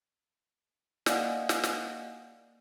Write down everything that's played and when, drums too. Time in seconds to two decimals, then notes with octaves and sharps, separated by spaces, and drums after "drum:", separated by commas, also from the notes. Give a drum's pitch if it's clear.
1.06 A#3 D5 D#5 F5 F#5 G#5, drum: snare
1.49 drum: snare
1.63 drum: snare